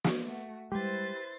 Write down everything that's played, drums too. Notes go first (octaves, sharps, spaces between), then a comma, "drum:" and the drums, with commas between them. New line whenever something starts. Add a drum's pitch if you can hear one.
drum: snare
A3 F#4
G3 G#3 E4 G4 B4 C5 C6 A6